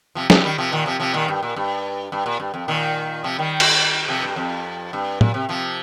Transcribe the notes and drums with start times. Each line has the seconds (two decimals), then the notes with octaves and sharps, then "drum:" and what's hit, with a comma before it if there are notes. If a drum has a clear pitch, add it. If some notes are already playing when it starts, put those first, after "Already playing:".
0.15 C3 F3
0.30 C3 F3, drum: snare
0.44 D#3 G3
0.58 C3 F3
0.72 A#2 D#3
0.86 C3 F3
1.00 C3 F3
1.14 A#2 D#3
1.28 G2
1.43 A#2
1.56 G2
2.12 G2
2.26 A#2
2.40 G2
2.54 F2
2.68 A#2 D#3
3.24 C3 F3
3.39 D#3 G3
3.60 drum: cymbal
4.09 C3 F3
4.22 G2
4.36 F2
4.93 G2
5.21 A#2, drum: tom
5.34 C3
5.49 C3 F3